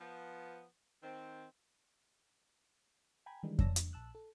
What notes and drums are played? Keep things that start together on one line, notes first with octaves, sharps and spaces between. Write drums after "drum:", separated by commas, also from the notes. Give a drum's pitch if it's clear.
F3 B3
D#3 C4
G5 G#5 A#5 B5 G#6
D#3 E3 G3 G#3 D4 D#4
C#5 D5 A5 E6 A#6, drum: kick F2
D4, drum: hi-hat
A#1 A5 E6 F#6
A4